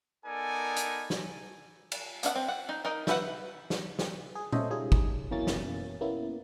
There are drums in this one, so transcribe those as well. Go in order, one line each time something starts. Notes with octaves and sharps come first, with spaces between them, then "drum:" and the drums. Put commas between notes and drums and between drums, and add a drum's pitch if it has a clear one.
B3 D#4 A4 A#4 D5 G#5
drum: hi-hat
drum: snare
drum: cymbal
B3 D4 F5 F#5, drum: hi-hat
C4
F#5
D#4
D#4 A#4 D#5
E4 B4 F#5, drum: snare
drum: snare
drum: snare
G#4
A4 C5 C#5 D#5 E5, drum: tom A#2
G3 G#3 C#4 D#4 F4 G#4
drum: kick
F#2 B2 E3 A#3 C#4 A6
drum: snare
A#3 B3 C#4 E4